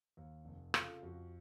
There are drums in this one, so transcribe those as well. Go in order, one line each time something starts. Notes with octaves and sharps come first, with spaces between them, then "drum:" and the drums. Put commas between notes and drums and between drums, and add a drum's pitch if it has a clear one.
D#2
F1
C#3 F4 A4, drum: rim click
F2 F#4